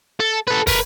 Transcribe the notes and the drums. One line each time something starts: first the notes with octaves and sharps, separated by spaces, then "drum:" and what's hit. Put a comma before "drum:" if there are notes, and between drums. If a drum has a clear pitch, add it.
A4
A4 B4
A#4 B4, drum: kick, open hi-hat